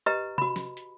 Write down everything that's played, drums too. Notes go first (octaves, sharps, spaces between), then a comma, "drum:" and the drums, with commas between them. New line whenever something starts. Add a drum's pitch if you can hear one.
G4 B4 D#5 A#5
F#4 B5, drum: tom C3
drum: snare
drum: hi-hat